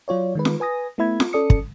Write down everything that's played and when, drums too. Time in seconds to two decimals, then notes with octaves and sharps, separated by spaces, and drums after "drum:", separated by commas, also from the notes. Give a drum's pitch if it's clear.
0.08 F#3 F4 C#5 D5
0.35 D#3 G#3 B4
0.45 drum: snare F4
0.60 B4 G#5 D#6 A#6
0.98 A3 B3 E4 E5 B5 G#6
1.20 drum: snare F4
1.33 C#4 A4 D5 D#6 C#7
1.50 drum: kick